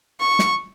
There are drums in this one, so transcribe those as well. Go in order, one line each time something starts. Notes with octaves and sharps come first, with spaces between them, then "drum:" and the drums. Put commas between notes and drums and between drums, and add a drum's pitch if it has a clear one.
C#6
drum: snare